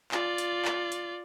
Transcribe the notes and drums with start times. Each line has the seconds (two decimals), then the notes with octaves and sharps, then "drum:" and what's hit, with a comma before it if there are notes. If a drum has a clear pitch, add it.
0.12 F4 D5, drum: clap
0.38 drum: hi-hat
0.65 drum: clap
0.92 drum: hi-hat